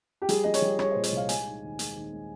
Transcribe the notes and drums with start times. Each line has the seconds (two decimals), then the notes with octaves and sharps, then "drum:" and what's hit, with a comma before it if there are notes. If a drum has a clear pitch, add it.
0.22 G4
0.29 G3 G#4, drum: hi-hat
0.44 G3 D#5
0.54 C#5, drum: hi-hat
0.62 G3
0.79 G3 C#5, drum: rim click
0.92 A#2 C5
1.04 C#5, drum: hi-hat
1.12 C2 F5
1.29 G#3 G#5, drum: hi-hat
1.45 D#4
1.62 D#2
1.79 G#3, drum: hi-hat
1.96 D#2
2.12 G#3